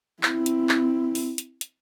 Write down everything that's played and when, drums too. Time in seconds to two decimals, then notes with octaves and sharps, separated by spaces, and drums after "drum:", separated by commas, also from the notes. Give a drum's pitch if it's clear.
0.23 C4 E4, drum: clap
0.46 drum: hi-hat
0.69 drum: clap
1.15 drum: open hi-hat
1.38 drum: hi-hat
1.61 drum: hi-hat